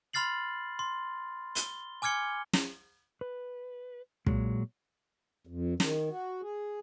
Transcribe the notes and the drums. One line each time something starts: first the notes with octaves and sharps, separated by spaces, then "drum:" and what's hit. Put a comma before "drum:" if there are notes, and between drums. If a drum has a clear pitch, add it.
B5 C6 F6 A6 C7 F#7
C6
G7, drum: hi-hat
G#5 D6 F6 G#6 C#7 G7
drum: snare
B4
A#2 F#3 G#3, drum: kick
F2
D#3, drum: snare
F#4
G#4